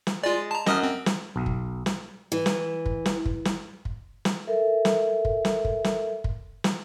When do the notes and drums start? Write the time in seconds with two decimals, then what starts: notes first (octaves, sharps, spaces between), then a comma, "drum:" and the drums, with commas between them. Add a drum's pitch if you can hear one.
0.07 drum: snare
0.23 G#3 F4 D5
0.51 A5 A#5
0.66 F#2 D#5 D#6 F6, drum: snare
0.83 C4
1.06 drum: snare
1.36 B1
1.46 drum: kick
1.86 drum: snare
2.32 E3
2.46 drum: snare
2.86 drum: kick
3.06 drum: snare
3.25 drum: kick
3.45 drum: snare
3.85 drum: kick
4.25 drum: snare
4.47 A4 A#4 E5
4.85 drum: snare
5.25 drum: kick
5.45 drum: snare
5.65 drum: kick
5.84 drum: snare
6.24 drum: kick
6.64 drum: snare